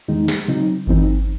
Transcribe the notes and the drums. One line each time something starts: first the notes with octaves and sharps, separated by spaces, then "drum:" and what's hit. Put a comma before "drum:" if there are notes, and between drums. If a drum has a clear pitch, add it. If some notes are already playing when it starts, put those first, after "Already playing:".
E2 D#3 G#3 D#4
drum: snare
C#3 F#3 C4 D#4
F#2 E3 C4 D#4, drum: kick G#1